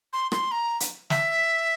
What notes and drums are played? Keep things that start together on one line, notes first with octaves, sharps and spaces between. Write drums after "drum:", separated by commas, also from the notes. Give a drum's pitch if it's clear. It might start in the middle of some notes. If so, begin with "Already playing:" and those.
C6
C6, drum: rim click
A#5
drum: hi-hat
E5, drum: snare